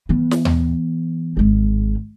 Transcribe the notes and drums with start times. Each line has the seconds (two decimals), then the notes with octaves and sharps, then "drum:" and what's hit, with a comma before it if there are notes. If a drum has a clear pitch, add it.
0.09 E3 B3
0.31 drum: snare
0.45 drum: tom D#2
1.37 G#1 G#3